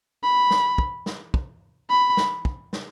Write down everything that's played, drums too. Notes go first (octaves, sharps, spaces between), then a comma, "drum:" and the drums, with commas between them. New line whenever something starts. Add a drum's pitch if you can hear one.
B5
drum: snare
drum: kick
drum: snare
drum: kick
B5
drum: snare
drum: kick
drum: snare